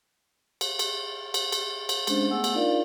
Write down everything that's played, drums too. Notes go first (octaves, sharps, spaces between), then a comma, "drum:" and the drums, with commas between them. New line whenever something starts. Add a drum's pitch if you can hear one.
drum: cymbal
drum: cymbal
drum: cymbal
drum: cymbal
drum: cymbal
G#3 C#4 D4 C5, drum: cymbal
A3 B3 G#4 F#5 G#5 E6
drum: cymbal
D4 D#4 F4 A#4 D5 F5